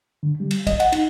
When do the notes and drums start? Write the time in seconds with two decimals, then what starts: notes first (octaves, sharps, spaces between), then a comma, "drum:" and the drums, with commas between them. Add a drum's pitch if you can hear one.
0.23 D3
0.40 G3
0.51 drum: cymbal
0.67 D#5, drum: kick, cymbal
0.80 F#5, drum: cymbal
0.92 D#4, drum: cymbal